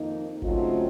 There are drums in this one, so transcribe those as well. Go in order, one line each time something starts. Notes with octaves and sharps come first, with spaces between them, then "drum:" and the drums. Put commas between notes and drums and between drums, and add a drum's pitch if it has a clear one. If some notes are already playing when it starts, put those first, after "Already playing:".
Already playing: F2 D#3 A#3 D#4
C#3 F#3 A3 C4 D#4 F4, drum: kick G1